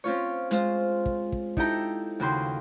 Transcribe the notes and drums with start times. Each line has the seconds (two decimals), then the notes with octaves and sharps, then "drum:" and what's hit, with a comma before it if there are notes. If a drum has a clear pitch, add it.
0.04 C4 C#4 F4 C#5
0.51 G#3 F4 C5, drum: hi-hat
1.06 drum: kick
1.32 drum: kick
1.57 D#4 E4 G4 A4 G5 A#5, drum: kick
2.20 D#2 C#3 F#4 G5 B5 C6